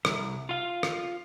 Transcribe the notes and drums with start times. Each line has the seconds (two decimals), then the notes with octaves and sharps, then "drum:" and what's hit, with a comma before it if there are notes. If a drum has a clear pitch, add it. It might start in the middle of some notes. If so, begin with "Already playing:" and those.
0.05 C2, drum: rim click
0.49 F4 F5
0.83 drum: rim click